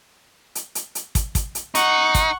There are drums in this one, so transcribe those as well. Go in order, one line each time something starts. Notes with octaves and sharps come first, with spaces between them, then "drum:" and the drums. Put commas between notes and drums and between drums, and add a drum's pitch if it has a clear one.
drum: hi-hat
drum: hi-hat
drum: hi-hat
drum: kick, hi-hat
drum: kick, hi-hat
drum: hi-hat
D#4 F#5 C#6, drum: hi-hat
drum: kick, hi-hat